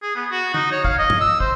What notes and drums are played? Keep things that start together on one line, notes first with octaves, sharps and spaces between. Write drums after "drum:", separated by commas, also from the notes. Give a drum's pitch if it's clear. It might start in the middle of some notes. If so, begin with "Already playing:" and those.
G#4
B3
F#4
D#4, drum: tom
C#5
F5, drum: kick
D#5
drum: tom
E6
C5, drum: kick